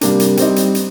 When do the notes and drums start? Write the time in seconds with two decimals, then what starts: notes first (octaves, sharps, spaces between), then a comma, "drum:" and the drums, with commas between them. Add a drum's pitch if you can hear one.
0.01 C3 G3 A#3 D4, drum: hi-hat
0.20 drum: hi-hat
0.37 G3 C4 D#4, drum: hi-hat
0.56 drum: hi-hat
0.75 drum: hi-hat